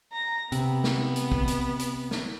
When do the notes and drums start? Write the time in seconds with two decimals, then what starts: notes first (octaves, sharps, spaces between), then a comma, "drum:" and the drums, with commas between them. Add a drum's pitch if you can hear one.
0.12 A#5
0.52 C3 B3, drum: hi-hat
0.84 drum: snare
1.16 drum: hi-hat
1.32 drum: kick
1.48 drum: hi-hat
1.79 drum: hi-hat
2.11 drum: snare